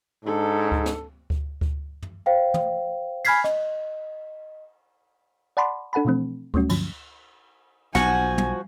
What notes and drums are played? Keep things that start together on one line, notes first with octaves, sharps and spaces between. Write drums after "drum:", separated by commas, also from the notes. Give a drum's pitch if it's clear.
G#2 D4 A4
drum: kick D2
drum: snare
drum: kick D2
drum: kick D2
drum: tom
C5 F5 G5
drum: tom
G#5 B5 F6 G#6 B6 C7, drum: cymbal
D#5, drum: rim click
D5 F#5 A5 B5 C6 D6
D4 A4 F#5 A5 B5
B2 E3 F3 A3 C4
F#3 G3 A3 C#4 F#4, drum: kick D2
G2 D3 F3 F#3, drum: cymbal
B1 F3 F#4 F#5 G#5, drum: snare
drum: tom